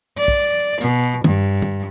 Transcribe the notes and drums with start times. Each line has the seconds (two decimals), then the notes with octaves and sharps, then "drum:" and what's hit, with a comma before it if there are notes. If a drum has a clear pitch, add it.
0.18 D5
0.28 drum: kick
0.81 B2, drum: hi-hat
1.24 G2, drum: tom
1.62 drum: tom G2